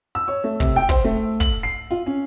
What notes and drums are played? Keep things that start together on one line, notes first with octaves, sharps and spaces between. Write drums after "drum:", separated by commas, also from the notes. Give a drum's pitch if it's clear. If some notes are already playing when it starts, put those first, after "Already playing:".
E6
C#5
A3
C3, drum: kick
G5
C5, drum: kick
A3
F#7, drum: kick
C7
F4
C#4